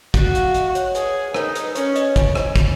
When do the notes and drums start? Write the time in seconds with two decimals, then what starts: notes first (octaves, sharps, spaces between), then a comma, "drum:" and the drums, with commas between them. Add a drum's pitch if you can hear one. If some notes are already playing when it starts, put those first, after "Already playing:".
0.14 F#4 F#5, drum: kick, hi-hat
0.35 F5, drum: hi-hat
0.54 D#5, drum: hi-hat
0.75 C#5, drum: hi-hat
0.95 G#4 B4, drum: hi-hat
1.34 D#4 A#4, drum: rim click
1.55 B4, drum: hi-hat
1.75 C#4 C#5, drum: hi-hat
1.96 D#5, drum: hi-hat
2.16 G#5, drum: kick, hi-hat
2.35 drum: rim click
2.56 drum: kick, hi-hat